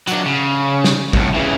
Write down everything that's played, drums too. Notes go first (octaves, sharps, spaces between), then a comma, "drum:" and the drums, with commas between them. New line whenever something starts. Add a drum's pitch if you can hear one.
F#3 D4, drum: hi-hat
C#3
drum: snare
C2 A2, drum: kick
C#3 E3